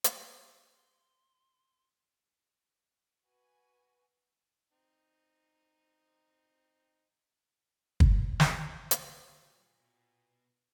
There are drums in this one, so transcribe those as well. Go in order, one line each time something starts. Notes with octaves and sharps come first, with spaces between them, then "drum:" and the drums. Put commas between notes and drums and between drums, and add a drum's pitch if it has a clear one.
D6, drum: hi-hat
C6
F#4 B4 G#5
C4 D#4
drum: kick
drum: snare
E3 F#3 A#4, drum: hi-hat
A#2
B2